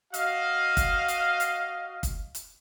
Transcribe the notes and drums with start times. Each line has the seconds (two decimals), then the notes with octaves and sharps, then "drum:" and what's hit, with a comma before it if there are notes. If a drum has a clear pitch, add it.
0.14 F#4 D#5 F5, drum: hi-hat
0.77 drum: kick, hi-hat
1.08 drum: hi-hat
1.40 drum: hi-hat
2.03 drum: kick, hi-hat
2.35 drum: hi-hat